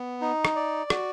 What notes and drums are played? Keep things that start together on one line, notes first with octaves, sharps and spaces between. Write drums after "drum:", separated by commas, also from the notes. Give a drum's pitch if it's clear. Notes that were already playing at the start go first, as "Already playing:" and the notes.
Already playing: B3
D#4
drum: rim click
D5
F#4, drum: rim click